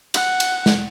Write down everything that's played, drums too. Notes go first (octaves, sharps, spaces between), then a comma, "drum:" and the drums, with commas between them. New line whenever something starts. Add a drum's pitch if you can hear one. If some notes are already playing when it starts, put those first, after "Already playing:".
F#5, drum: cymbal
drum: cymbal
drum: snare